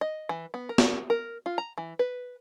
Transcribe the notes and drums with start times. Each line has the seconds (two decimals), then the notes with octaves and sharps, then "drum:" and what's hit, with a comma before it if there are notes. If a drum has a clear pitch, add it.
0.01 D#5
0.29 E3
0.54 B3
0.69 A#4
0.78 drum: snare
1.10 A#4
1.46 F4
1.58 A#5
1.78 E3
1.99 B4